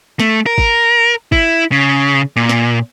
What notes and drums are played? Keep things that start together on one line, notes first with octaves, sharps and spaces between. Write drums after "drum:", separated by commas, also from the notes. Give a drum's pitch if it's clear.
A3, drum: snare
A#4
drum: kick
E4, drum: kick
C#3
A#2
drum: snare